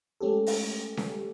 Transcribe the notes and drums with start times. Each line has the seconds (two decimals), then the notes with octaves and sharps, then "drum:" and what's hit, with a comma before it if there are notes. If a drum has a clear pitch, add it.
0.21 G#3 A3 C#4 G4 A4
0.46 drum: open hi-hat
0.97 drum: snare C#4